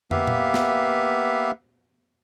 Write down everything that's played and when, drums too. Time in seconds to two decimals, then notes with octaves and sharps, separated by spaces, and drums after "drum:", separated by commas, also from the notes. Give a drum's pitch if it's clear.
0.11 A#3 B3 G4 B4 E5 F5, drum: tom
0.27 drum: tom A#2
0.54 drum: snare